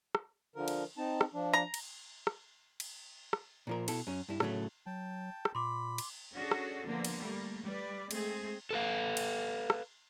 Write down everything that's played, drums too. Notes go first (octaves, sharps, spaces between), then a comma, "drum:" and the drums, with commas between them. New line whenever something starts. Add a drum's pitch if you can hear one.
drum: rim click
D3 F3 A#4
drum: cymbal
C4 D#4 A5
drum: rim click
F3 D4
A#5
drum: cymbal
drum: rim click
drum: cymbal
drum: rim click
A#2 F3 A#4
B2 E4 A4, drum: cymbal
F#2 C#4
G2 E4
A2 C#3 F#3 A3, drum: rim click
F#3 G5 A5
drum: rim click
A#2 B5 C6 D6
drum: cymbal
C#4 D4 F#4 G#4 A4
drum: rim click
D3 F3 A#3 B3
drum: cymbal
G3 A3 A#3
G3 B4 D5
G#3 A3 C4 G#4, drum: cymbal
A4 B4 F5
drum: cymbal
drum: rim click